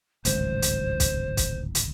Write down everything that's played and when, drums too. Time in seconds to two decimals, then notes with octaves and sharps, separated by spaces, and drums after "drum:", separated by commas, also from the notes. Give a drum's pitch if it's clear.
0.25 D1 G#1 C#2 C5, drum: hi-hat
0.62 drum: hi-hat
1.00 drum: kick B1, hi-hat
1.37 drum: kick B1, hi-hat
1.75 drum: hi-hat